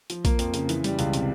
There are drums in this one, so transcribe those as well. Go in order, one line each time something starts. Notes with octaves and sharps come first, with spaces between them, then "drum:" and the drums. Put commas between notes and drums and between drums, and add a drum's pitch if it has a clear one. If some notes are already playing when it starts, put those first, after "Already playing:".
F3, drum: hi-hat
A#3, drum: kick A#1, hi-hat
F2, drum: hi-hat
C#3, drum: hi-hat
E3, drum: hi-hat
G3, drum: hi-hat
C#2, drum: hi-hat
C3, drum: hi-hat